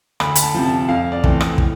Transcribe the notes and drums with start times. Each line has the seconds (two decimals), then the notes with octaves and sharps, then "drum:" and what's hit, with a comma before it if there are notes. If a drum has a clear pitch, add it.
0.20 D2 B5, drum: rim click
0.35 B5, drum: hi-hat
0.42 A5
0.54 C3 F3
0.65 A5
0.89 F2 F5
1.12 D5
1.24 E3 A3 C4, drum: kick
1.41 drum: rim click
1.58 A2, drum: kick